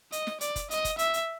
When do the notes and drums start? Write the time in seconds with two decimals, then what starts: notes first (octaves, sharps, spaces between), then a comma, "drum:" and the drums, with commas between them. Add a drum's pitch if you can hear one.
0.12 D#5, drum: hi-hat
0.27 drum: snare
0.41 D5, drum: hi-hat
0.56 drum: kick, hi-hat
0.71 D#5, drum: hi-hat
0.85 drum: kick, hi-hat
0.99 E5, drum: hi-hat
1.14 drum: hi-hat